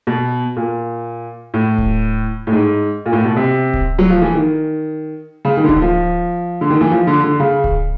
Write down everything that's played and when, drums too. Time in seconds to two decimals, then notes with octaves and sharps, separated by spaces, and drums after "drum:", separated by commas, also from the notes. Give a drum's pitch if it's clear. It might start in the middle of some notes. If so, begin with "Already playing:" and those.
0.07 B2
0.56 A#2
1.54 A2
1.78 drum: kick D1
2.47 A2
2.52 G#2
3.06 A#2
3.13 A2
3.24 B2
3.36 C3
3.74 drum: kick D1
3.99 F#3
4.10 F3
4.22 E3
4.35 D#3
5.45 C#3
5.57 D#3
5.64 D3
5.69 D#3, drum: kick D1
5.82 F3
6.61 D3
6.70 D#3
6.81 E3
6.91 F3
7.07 D3
7.24 D3
7.40 C#3
7.64 drum: kick D1